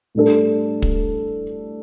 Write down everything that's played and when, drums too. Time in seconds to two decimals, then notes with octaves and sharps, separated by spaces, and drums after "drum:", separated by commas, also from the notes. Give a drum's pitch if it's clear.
0.15 A2 G3 D4 A4
0.82 drum: kick